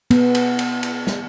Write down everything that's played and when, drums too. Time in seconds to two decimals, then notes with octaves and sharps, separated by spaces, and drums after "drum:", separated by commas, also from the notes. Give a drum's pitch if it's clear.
0.11 B3, drum: cymbal
0.35 drum: cymbal
0.59 drum: cymbal
0.83 drum: cymbal
1.07 drum: snare